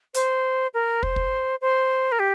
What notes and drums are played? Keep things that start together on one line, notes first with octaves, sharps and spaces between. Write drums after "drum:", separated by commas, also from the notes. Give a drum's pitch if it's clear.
C5, drum: hi-hat
A#4
C5, drum: kick
drum: kick
C5
A#4
G4